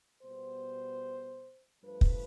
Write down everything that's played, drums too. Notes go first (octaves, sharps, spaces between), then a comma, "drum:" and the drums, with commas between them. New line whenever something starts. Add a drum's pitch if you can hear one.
B2 G3 B3 C5
G2 F3 A3 B4
drum: kick